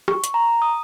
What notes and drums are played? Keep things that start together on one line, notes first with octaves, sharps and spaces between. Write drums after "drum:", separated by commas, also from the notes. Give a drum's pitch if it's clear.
C#6, drum: rim click
drum: hi-hat
A#5
D#6